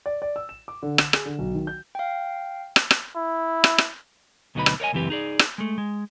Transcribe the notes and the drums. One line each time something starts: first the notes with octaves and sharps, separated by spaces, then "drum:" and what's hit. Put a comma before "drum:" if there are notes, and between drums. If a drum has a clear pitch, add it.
D5
D5
E6
E7
D6
D3
E7, drum: rim click
G#4, drum: rim click
D3
B1
D#3
G6
F5 G5
drum: rim click
drum: rim click
E4
drum: rim click
drum: rim click
D2 B2 F#3 D#4 B4 B5
drum: rim click
A#4 C#5 D#5 G#5
C#2 F#2 E3 C4 G4 B4
D#4 G#4 D5
drum: rim click
G#3 A3
G#3